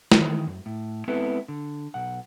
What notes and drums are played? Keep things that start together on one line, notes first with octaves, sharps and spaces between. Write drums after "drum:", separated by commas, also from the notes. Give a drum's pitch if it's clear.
D#3 E3, drum: snare
F#2
A2
G#3 B3 C4 E4 A4 B4
D3
B1 F#5